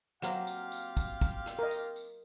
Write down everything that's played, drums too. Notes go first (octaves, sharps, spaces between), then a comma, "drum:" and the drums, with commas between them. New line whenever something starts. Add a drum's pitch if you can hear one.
F#3 A#3 C4 F4 G4 F5, drum: rim click
drum: tambourine
drum: tambourine
drum: kick, tambourine
drum: kick, tambourine
drum: rim click
A#4 D#5
drum: tambourine
drum: tambourine